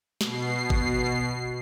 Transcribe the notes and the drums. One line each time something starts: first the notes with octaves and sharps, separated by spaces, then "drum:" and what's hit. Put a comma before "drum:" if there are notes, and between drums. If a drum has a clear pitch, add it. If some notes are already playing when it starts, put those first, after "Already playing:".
B2 C7, drum: snare
drum: kick G1